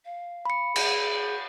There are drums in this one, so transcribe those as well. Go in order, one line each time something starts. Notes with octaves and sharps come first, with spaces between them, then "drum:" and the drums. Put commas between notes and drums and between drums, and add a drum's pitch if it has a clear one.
F5
B5 C#7
G#4, drum: cymbal